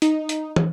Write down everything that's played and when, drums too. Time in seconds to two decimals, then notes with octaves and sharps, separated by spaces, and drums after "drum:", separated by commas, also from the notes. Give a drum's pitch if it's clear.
0.02 D#4, drum: hi-hat
0.29 drum: hi-hat
0.56 drum: tom